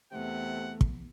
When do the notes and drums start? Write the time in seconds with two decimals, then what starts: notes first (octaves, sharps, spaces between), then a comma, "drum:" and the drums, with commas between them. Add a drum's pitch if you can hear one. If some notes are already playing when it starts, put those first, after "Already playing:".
0.12 E2 C3 A3 F#5
0.81 drum: kick